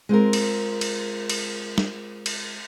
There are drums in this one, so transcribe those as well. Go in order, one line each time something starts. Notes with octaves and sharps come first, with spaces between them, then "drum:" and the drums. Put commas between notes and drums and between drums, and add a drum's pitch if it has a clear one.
G#3 C4 F4 A#4
drum: cymbal
drum: cymbal
drum: cymbal
drum: snare
drum: cymbal